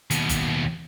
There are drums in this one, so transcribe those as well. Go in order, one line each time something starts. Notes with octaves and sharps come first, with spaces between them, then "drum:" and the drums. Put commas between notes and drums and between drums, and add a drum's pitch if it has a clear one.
D#2 B2, drum: hi-hat
drum: kick F#1, hi-hat